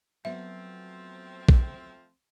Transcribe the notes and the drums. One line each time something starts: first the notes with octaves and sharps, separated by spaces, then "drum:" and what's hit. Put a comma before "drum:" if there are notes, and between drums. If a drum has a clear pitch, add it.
F3 F#3 A3 B3 C4 F#4 E5
drum: kick A#1